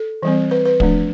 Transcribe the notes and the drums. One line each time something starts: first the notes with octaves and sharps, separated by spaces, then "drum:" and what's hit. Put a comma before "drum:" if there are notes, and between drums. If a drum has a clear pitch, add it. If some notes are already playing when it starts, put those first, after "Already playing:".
Already playing: A4
E3 G3 C4
B4
B4
F3 A3 D4, drum: kick